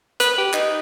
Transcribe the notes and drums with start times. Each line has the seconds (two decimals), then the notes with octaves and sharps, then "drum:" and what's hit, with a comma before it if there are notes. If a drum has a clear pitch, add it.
0.20 B4, drum: hi-hat
0.38 G4
0.53 D#4, drum: clap